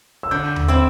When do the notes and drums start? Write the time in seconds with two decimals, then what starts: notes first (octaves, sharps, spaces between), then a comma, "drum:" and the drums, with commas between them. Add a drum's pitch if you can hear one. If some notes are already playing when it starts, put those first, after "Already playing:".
0.23 E6
0.31 D3 G6
0.56 drum: tom D#2
0.68 C4 E4 E6